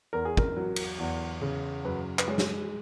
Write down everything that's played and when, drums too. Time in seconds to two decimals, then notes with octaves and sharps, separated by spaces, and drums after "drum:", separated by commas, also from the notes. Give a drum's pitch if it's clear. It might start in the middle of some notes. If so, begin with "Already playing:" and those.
0.13 E2 A#4
0.25 G#4
0.37 A#4, drum: kick
0.57 F#3
0.76 drum: cymbal
0.99 E2
1.41 C#3
1.85 F#2 B4
2.19 B4, drum: clap
2.28 G#3 C#5
2.38 drum: snare